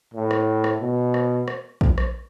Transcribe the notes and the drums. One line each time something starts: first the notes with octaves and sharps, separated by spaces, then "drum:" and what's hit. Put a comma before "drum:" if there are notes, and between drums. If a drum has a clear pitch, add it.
A2
drum: rim click
drum: rim click
B2
drum: rim click
drum: rim click
drum: kick A#1
drum: rim click